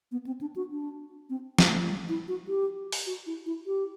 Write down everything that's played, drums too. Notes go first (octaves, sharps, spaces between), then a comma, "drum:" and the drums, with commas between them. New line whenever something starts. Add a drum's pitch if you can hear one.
B3
C4
D4
F#4
D4
C4
drum: snare
A3
G3
E4
F#4
G4
drum: open hi-hat
F#4
E4
E4
G4